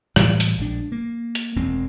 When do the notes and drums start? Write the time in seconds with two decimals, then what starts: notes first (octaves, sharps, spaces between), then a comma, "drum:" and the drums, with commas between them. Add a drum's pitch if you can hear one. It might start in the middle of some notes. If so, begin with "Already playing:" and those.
0.16 A2 E3 G3 G#3, drum: rim click
0.40 drum: hi-hat
0.58 A#1 G#3 D4
0.92 A#3
1.35 drum: hi-hat
1.56 E1 E2 G#3 C4